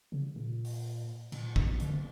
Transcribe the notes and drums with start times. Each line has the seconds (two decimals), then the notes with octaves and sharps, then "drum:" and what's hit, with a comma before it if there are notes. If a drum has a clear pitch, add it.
0.12 C#3
0.36 A#2
0.65 drum: open hi-hat
1.32 A#2, drum: cymbal
1.56 B2, drum: kick
1.80 D3, drum: hi-hat